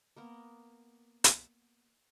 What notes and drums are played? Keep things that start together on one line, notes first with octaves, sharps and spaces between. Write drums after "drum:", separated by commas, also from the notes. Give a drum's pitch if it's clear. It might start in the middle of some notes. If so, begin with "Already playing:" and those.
A#3 B3 A#4
drum: hi-hat